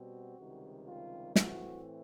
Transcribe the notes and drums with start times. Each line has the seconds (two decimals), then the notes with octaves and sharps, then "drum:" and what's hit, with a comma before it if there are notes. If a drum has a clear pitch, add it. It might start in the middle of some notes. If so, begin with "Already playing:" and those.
Already playing: B2 G3 C4 F#4
0.38 C#2 C3 D#3 G3
0.87 F4
1.36 A2 E3 A3 C4 F#4, drum: snare